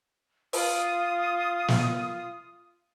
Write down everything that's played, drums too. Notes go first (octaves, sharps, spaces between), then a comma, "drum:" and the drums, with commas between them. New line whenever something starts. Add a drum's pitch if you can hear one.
F4 D#6, drum: open hi-hat
drum: snare